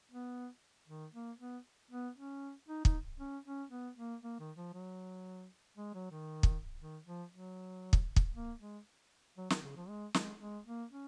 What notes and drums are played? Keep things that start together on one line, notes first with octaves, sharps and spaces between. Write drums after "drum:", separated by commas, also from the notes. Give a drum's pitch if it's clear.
B3
D#3
A#3
B3
B3
C#4
D#4
D#4, drum: kick
C#4
C#4
B3
A#3
A#3
D#3
F3
F#3
G#3
F#3
D#3
drum: kick
D#3
F3
F#3
drum: kick
drum: kick
A#3
G#3
F#3
D#3, drum: snare
C#3
F3
G#3
G#3, drum: snare
G#3
A#3
C#4